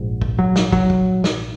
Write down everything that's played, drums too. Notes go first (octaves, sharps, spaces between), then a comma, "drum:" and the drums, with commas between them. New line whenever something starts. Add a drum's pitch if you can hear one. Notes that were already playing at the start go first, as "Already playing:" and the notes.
Already playing: A#1 G#2
drum: kick
F#3
drum: snare
F#3, drum: kick
drum: kick
drum: snare